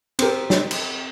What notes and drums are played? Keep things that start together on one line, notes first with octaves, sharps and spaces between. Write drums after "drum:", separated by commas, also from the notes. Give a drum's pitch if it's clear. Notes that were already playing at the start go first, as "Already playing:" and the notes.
C4 G4 A#4, drum: cymbal
drum: snare
drum: cymbal